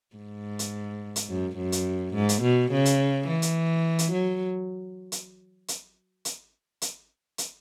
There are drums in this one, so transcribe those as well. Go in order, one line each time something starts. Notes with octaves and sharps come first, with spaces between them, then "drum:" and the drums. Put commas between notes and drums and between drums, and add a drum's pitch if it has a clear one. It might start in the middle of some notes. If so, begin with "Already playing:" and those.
G#2
drum: hi-hat
drum: hi-hat
F#2
F#2
drum: hi-hat
G#2
drum: hi-hat
B2
C#3
drum: hi-hat
E3
drum: hi-hat
drum: hi-hat
F#3
drum: hi-hat
drum: hi-hat
drum: hi-hat
drum: hi-hat
drum: hi-hat